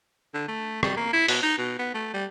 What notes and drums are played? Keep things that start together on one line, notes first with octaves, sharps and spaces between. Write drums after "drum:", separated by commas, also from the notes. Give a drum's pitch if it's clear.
D3
A3
G3, drum: rim click
A#3
E4
B2, drum: open hi-hat
D#4
B2
B3
A3
G3